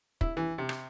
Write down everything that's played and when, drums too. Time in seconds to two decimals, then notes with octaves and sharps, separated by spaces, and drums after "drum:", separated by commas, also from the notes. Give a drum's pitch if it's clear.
0.21 E4, drum: kick
0.37 E3
0.58 C3
0.69 drum: rim click